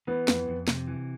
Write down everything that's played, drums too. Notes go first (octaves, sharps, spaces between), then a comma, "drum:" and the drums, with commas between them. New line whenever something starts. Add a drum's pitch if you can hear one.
E3 B3
F2, drum: snare
F2
C3, drum: snare
E3